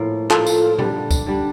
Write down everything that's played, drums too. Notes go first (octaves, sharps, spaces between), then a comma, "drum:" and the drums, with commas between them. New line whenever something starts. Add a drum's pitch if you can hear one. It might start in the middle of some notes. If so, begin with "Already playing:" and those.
Already playing: A2 F3 A#3
A2 F3 A#3 F4 A4, drum: clap
drum: tambourine
D3 G3 D4, drum: tom A#2
drum: kick C#2, tambourine
D3 G3 D4